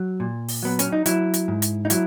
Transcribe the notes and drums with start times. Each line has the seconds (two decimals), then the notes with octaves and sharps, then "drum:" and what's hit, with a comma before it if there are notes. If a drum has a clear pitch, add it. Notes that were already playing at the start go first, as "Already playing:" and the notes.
Already playing: F#3
0.20 A#2
0.48 drum: open hi-hat
0.63 F#3 B3
0.79 C#4, drum: hi-hat
0.92 D#4
1.06 F#3 E4, drum: hi-hat
1.34 drum: hi-hat
1.48 G#2
1.62 drum: hi-hat
1.85 D#4
1.90 F#3 E4, drum: hi-hat